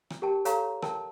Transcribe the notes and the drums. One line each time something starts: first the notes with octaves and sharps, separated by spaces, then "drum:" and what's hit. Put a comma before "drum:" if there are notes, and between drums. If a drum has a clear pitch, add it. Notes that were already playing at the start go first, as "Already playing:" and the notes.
drum: rim click
G4 A#4 G5 A5
A4 C#5 F5 A#5 C#6, drum: hi-hat
A#4 G5 A5, drum: rim click